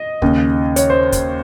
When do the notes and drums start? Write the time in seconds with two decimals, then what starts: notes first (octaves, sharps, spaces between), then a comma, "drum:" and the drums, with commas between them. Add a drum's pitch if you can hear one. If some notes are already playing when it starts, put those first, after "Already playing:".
Already playing: D#5
0.22 D#2 C#3, drum: kick
0.76 C#5, drum: hi-hat
0.90 C5
1.12 drum: kick, hi-hat